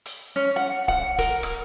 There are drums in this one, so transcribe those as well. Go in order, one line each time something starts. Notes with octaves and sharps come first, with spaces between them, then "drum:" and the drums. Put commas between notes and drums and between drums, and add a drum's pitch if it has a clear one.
drum: hi-hat
C#4
F#5
F#5, drum: kick D1
A#4, drum: kick D1, hi-hat
drum: rim click